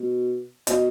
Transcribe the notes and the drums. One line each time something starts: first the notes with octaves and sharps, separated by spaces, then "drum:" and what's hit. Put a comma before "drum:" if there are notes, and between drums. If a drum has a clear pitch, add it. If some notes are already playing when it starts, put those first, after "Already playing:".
Already playing: B2
B2 D#5, drum: hi-hat